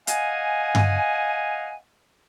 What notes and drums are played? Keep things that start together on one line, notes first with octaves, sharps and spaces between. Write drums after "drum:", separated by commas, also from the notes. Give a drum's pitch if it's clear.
D#5 F5 F#5 G#5, drum: hi-hat
drum: tom G2